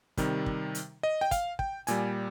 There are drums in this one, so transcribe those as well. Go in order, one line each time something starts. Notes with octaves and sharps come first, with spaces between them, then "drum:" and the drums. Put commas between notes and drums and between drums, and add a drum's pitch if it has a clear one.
C3 D#3 G3, drum: kick, hi-hat
drum: kick
drum: hi-hat
D#5
G5
F5, drum: kick, hi-hat
G5, drum: kick
A#2 G3 G#5, drum: hi-hat